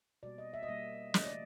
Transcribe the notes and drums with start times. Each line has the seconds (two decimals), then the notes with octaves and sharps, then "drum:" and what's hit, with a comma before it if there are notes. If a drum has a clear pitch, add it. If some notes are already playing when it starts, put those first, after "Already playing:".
0.23 B2 G3 A#3 D5
0.38 D#5
0.53 E5
0.63 D#5
0.69 B2 G3 A#3 E5
1.14 C#3 E3 A3 D#5, drum: snare
1.25 D5